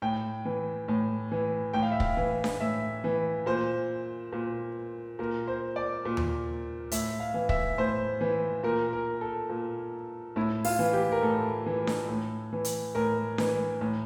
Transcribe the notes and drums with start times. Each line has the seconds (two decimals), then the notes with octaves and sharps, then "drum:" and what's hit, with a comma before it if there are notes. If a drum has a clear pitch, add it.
0.02 A2 G5
0.45 E3
0.88 A2
1.32 E3
1.73 A2 G5
1.82 F5
1.92 E5
2.00 F5, drum: kick
2.17 E3
2.44 drum: snare D4
2.60 A2 E5
3.04 E3
3.46 A#2 C5
4.33 A#2
5.19 A#2 A#4
5.48 C5
5.76 D5
6.05 A#2
6.17 drum: tom D#2
6.91 A2 E5, drum: hi-hat
7.20 F5
7.34 E3
7.49 E5, drum: kick
7.78 A2 C5
8.21 E3
8.63 A#2 A#4
8.93 A#4
9.21 A4
9.50 A#2
10.36 A2 E4
10.65 F4, drum: open hi-hat
10.79 E3
10.93 G4
11.12 A#4
11.22 A2 A4
11.66 E3
11.87 drum: snare D4
12.09 A2
12.53 E3
12.65 drum: hi-hat
12.95 A2 A#4
13.38 E3, drum: snare D4
13.81 A2